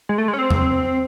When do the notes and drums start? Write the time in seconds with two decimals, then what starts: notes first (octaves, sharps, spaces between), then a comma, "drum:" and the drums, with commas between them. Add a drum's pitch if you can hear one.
0.09 G#3
0.18 A3
0.28 G#3
0.34 C#4
0.39 C4
0.50 drum: tom E2